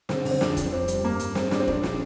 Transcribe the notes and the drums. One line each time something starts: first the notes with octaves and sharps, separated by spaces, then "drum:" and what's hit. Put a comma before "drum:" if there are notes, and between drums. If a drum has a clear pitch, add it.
D3 C4, drum: snare
D3, drum: open hi-hat
C4
F2 D4, drum: snare
F2, drum: kick E1, hi-hat
F2 C4
G3, drum: hi-hat
G2 A#3
G2, drum: hi-hat
G2 C4, drum: snare
G3 D4, drum: snare
C4
A#1 D4, drum: kick E1
F3 D4, drum: snare